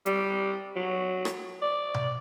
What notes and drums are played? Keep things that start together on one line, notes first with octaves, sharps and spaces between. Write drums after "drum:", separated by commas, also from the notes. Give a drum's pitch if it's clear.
G3, drum: hi-hat
F#3
drum: rim click
D5
drum: tom B2